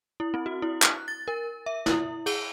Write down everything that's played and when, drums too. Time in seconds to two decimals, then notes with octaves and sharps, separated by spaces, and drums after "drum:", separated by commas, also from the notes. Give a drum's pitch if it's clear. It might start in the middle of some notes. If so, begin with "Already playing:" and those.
0.20 E4
0.34 C4
0.46 F#4
0.62 E4
0.82 F#6, drum: clap
1.08 A6
1.28 A#4
1.66 E5
1.86 E4, drum: snare
2.26 G#4, drum: cymbal